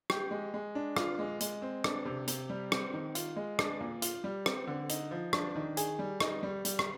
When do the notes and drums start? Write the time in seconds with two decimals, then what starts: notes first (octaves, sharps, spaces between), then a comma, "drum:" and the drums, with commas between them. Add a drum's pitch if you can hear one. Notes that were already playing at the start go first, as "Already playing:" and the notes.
0.10 G4, drum: rim click
0.31 G#3
0.54 G#3
0.75 D4
0.97 F4, drum: rim click
1.19 G#3
1.40 G#3, drum: hi-hat
1.62 C4
1.84 D4, drum: rim click
2.05 C3
2.27 C3, drum: hi-hat
2.50 G3
2.72 C4, drum: rim click
2.94 D#3
3.15 F4, drum: hi-hat
3.36 G#3
3.59 D4, drum: rim click
3.81 A#2
4.02 F4, drum: hi-hat
4.24 G3
4.46 C4, drum: rim click
4.67 D3
4.89 D#4, drum: hi-hat
5.11 F3
5.33 D4, drum: rim click
5.55 D#3
5.77 G#4, drum: hi-hat
5.99 G3
6.20 D#4, drum: rim click
6.43 G3
6.65 G3, drum: hi-hat
6.79 drum: rim click